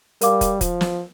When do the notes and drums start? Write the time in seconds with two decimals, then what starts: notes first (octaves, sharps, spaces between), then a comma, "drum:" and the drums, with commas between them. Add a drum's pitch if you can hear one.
0.21 G3 A#4 F5 D6, drum: hi-hat
0.41 drum: kick, hi-hat
0.61 F3, drum: kick, hi-hat
0.81 drum: snare